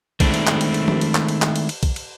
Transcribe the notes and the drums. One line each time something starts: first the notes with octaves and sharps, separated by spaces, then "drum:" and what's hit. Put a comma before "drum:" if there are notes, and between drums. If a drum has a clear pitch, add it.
D#3 G#3 A3 C4 D4 E4, drum: kick B1, cymbal
drum: cymbal
drum: clap
drum: cymbal
drum: cymbal
drum: tom F3
drum: cymbal
drum: clap
drum: cymbal
drum: clap
drum: cymbal
drum: cymbal
drum: kick B1, cymbal
drum: cymbal